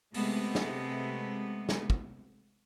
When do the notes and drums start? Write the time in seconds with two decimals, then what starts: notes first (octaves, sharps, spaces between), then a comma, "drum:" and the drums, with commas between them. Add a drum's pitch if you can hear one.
0.14 C3 G#3 A3 B3, drum: open hi-hat
0.55 drum: snare
1.69 drum: snare
1.90 drum: kick